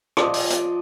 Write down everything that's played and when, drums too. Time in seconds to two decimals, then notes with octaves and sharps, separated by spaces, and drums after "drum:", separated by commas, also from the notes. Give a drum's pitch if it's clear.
0.17 F3 D5 D#5, drum: rim click
0.34 drum: open hi-hat
0.50 drum: hi-hat